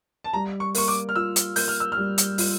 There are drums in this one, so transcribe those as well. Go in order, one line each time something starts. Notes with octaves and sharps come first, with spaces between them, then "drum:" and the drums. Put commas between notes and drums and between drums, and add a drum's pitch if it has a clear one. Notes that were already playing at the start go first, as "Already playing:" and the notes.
A5
G3 A#5
C#6
A#3 C#6, drum: open hi-hat
D6
F6
F4 E6
drum: hi-hat
A#3 G6, drum: open hi-hat
F6
E6
G3 F6
drum: hi-hat
F4, drum: open hi-hat